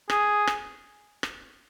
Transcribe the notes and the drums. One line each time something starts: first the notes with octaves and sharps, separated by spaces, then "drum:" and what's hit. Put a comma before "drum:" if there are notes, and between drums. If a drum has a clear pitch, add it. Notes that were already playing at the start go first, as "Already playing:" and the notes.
G#4, drum: rim click
drum: rim click
drum: rim click